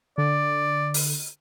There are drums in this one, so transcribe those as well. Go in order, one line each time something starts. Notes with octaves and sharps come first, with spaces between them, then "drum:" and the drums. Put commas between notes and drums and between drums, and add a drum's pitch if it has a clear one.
D3 D5
drum: open hi-hat